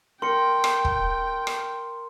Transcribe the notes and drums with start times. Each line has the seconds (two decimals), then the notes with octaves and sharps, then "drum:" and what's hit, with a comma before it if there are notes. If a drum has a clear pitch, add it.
0.22 A#4 G5 C6 C#7
0.64 drum: rim click
0.85 drum: kick
1.47 drum: rim click